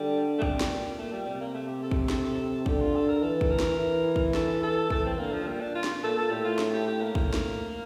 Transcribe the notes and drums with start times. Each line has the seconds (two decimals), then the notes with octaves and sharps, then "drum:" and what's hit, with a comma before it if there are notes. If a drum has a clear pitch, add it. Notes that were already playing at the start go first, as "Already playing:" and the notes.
Already playing: D3 G3
0.38 A3
0.42 C3 G3, drum: kick
0.61 drum: snare
0.70 A#2
0.98 A#2 A3
1.12 G3
1.25 C3 G3
1.40 A#3
1.54 A3
1.67 G4
1.82 A4
1.91 drum: kick
2.10 A4, drum: snare
2.66 D3 G4, drum: kick
2.80 F4
2.95 A4
3.08 A#4
3.23 E3 A4
3.41 drum: kick
3.50 A#4
3.60 drum: snare
3.78 E3
4.16 drum: kick
4.34 A4, drum: snare
4.63 A4
4.90 E3 A4, drum: kick
5.05 C4
5.18 D3 A#3
5.32 F3
5.46 A#2 G3
5.61 D4
5.75 F4
5.84 drum: snare
6.03 A#2 A4
6.17 A4
6.31 A2 G4
6.44 F4
6.59 drum: snare
6.73 G4
6.87 G4
7.01 A#3
7.15 A2, drum: kick
7.34 drum: snare